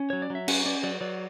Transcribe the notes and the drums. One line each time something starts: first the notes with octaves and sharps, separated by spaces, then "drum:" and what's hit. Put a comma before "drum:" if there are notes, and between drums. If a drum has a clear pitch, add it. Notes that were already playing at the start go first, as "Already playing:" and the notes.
Already playing: C#4
F#3 C#5
D5
F#3 E5
C#4 F#5, drum: cymbal
C#4 D5
F#3 D5
F#3 D5